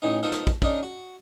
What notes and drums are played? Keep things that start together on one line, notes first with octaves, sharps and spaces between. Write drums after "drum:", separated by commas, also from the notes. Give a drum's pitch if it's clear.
A1 C#3 E3 D#4
B2 F3 D#4 A4 A#4
drum: snare
drum: kick
C#3 D4 D#4 A#4, drum: kick
F#4